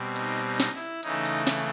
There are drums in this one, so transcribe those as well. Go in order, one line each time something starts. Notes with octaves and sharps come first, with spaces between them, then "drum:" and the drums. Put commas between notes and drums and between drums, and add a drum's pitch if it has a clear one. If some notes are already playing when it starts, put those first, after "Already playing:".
Already playing: B2 G3 C4
D#4, drum: hi-hat
D#4
drum: snare
E4
C#3 E3 A3 D#4, drum: hi-hat
drum: hi-hat
drum: snare